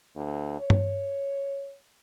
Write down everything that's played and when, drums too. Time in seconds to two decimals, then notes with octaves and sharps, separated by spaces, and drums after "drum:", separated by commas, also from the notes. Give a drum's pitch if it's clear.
0.16 D2
0.60 C#5
0.70 drum: tom